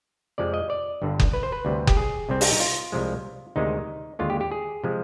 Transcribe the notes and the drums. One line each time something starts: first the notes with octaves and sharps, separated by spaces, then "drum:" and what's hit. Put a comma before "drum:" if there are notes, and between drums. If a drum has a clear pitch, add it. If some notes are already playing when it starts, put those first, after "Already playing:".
F2 C3 F3 G#3 D5
D#5
D5
G1 G2 D3
drum: kick F#1
B4
C5
B4
D2 C3 G3
G4, drum: kick F#1
G#4
C2 C3 G3 C4
D4, drum: open hi-hat
D#4
F4
C2 C3 F3 G#3
D2 C3 D#3 G#3 D#4
D#2 D3 G#3 F4
G4
G4
G#4
C3 F3 G#3